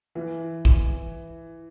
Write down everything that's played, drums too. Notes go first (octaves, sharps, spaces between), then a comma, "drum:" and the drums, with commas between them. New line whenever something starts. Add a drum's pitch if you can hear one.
E3
drum: kick